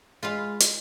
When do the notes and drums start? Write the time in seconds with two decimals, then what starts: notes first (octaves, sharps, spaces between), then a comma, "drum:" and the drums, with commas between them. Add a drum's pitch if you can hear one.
0.23 G#3 F4 B4 F5
0.60 drum: hi-hat